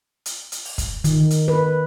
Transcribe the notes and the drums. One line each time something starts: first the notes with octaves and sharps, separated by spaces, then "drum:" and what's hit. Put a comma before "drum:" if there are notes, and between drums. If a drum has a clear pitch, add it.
drum: hi-hat
drum: hi-hat
drum: open hi-hat
drum: kick, hi-hat
D#3, drum: hi-hat
drum: hi-hat
B4